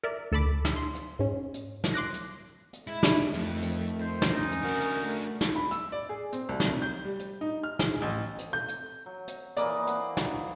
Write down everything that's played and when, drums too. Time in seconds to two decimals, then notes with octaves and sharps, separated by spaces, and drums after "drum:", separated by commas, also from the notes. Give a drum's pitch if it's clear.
0.03 A#4 D5 E5
0.32 D2 A4 A5 B5 D6
0.65 drum: snare
0.76 C6
0.94 drum: hi-hat
1.19 G#2 C#4
1.54 drum: hi-hat
1.84 drum: snare
1.94 C6 D6 F#6 A#6
2.14 drum: hi-hat
2.73 drum: hi-hat
2.87 G#3 E4
3.03 drum: snare
3.33 F2 D#3 A3, drum: hi-hat
3.62 drum: hi-hat
4.00 C5
4.22 drum: snare
4.32 C#4 D#4
4.52 drum: hi-hat
4.63 D4 F#4 A#4
4.81 drum: hi-hat
5.02 A3
5.41 drum: snare
5.56 B5
5.71 E6, drum: hi-hat
5.92 D5
6.09 G#4
6.32 C4, drum: hi-hat
6.49 C2
6.60 drum: snare
6.82 G6
7.05 G3
7.19 drum: hi-hat
7.41 D#4
7.63 F6
7.79 G#4, drum: snare
8.02 A1
8.38 drum: hi-hat
8.53 G6
8.68 drum: hi-hat
9.06 F#3
9.28 drum: hi-hat
9.57 E3 A#3 D5 D#5, drum: hi-hat
9.87 C5 F#5, drum: hi-hat
10.17 drum: snare